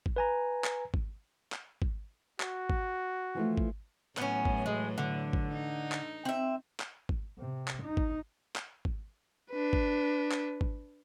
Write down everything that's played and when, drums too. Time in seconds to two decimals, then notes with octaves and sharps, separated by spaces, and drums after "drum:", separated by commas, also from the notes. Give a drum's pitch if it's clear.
0.06 drum: kick G#1
0.16 B4 G#5 A#5
0.64 drum: clap
0.94 drum: kick G#1
1.52 drum: clap
1.82 drum: kick G#1
2.40 F#4, drum: clap
2.70 drum: kick G#1
3.35 E3 F3 A3
3.57 drum: kick G#1
4.17 A2 E3 F#3 B3 C#4, drum: clap
4.45 drum: kick G#1
4.66 G#3
4.98 D3
5.33 drum: kick G#1
5.52 D#4
5.92 drum: clap
6.25 C4 E5
6.80 drum: clap
7.09 drum: kick G#1
7.38 C3
7.68 drum: clap
7.83 D#4
7.97 drum: kick G#1
8.56 drum: clap
8.85 drum: kick G#1
9.52 D4 B4
9.73 drum: kick G#1
10.32 drum: clap
10.61 drum: kick G#1